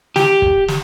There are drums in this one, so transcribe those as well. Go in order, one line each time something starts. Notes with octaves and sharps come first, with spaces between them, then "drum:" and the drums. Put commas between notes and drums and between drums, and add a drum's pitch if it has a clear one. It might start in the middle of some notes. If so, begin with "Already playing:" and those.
G4, drum: snare
drum: kick
drum: snare